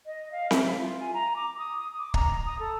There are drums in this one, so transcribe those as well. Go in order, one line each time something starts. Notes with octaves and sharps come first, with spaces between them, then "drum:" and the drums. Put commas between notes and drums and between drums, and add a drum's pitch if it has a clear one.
D#5
F5
E5, drum: snare C4
F4
G#5
A#5
D6
D#6
D6
A#5, drum: kick
D#6
A4